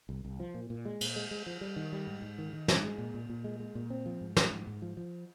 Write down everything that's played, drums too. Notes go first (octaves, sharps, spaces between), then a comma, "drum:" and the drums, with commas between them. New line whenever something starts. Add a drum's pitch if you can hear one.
C2
C2
F3
A#2
A#2
G#3
A#2, drum: cymbal
G#3
G#3
F3
G3
D#3
G3
G#2
G#2
D#3
D#3
G#2, drum: snare
G#3
A#2
A#2
A#2
G#3
G#3
A#2
C4
F3
G#2
F3, drum: snare
G#2
G#2
F3
F3